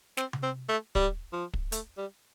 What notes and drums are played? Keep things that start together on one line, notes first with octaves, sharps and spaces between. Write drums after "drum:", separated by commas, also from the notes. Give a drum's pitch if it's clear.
C4, drum: snare
drum: tom C3
C4
A3
G3, drum: kick
F3
drum: kick
A3, drum: hi-hat
G3